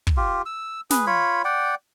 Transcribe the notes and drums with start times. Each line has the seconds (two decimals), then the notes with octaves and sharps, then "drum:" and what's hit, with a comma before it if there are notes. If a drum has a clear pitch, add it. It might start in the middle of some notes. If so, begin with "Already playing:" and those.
0.07 drum: kick
0.17 F4 G4
0.46 E6
0.90 G#4 B4, drum: snare
1.07 F4 C#5 B5
1.45 D5 F#5 G5